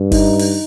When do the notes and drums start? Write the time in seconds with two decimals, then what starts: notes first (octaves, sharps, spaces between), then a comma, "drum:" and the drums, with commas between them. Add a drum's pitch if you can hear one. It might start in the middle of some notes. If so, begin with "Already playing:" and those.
Already playing: G2
0.12 D#4, drum: kick F#1, open hi-hat
0.39 drum: open hi-hat